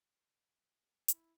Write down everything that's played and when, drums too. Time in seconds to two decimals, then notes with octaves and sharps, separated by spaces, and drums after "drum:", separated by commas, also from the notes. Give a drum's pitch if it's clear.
1.08 E4, drum: hi-hat